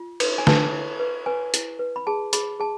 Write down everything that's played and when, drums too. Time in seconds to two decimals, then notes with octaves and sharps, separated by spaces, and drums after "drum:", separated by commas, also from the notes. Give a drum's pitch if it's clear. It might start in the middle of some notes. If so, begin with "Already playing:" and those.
Already playing: F4
0.20 B4, drum: cymbal
0.38 G#5
0.47 B4 A5, drum: snare
0.73 E4
1.00 B4
1.26 B4 G#5
1.54 E4, drum: hi-hat
1.79 B4
1.96 B5
2.07 G#4 A5
2.33 G#4 B5, drum: hi-hat
2.59 G#4 A5